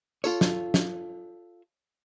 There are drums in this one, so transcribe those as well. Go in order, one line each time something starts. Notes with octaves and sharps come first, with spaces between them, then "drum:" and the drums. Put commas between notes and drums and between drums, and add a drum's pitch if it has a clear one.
F4 A4 C#5, drum: tambourine
drum: snare
drum: snare